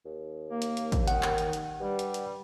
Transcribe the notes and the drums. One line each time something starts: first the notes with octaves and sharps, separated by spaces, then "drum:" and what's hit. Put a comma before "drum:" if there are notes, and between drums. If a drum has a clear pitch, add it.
D#2
A#3
drum: hi-hat
drum: hi-hat
drum: kick, hi-hat
D#3 F#5, drum: hi-hat
drum: clap
drum: hi-hat
drum: hi-hat
G2 G3
drum: hi-hat
drum: hi-hat